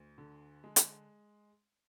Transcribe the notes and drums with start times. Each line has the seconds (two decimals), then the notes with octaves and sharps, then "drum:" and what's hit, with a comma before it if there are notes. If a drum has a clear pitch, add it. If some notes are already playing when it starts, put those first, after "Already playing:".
Already playing: D2
0.18 D3
0.64 G#3
0.76 drum: hi-hat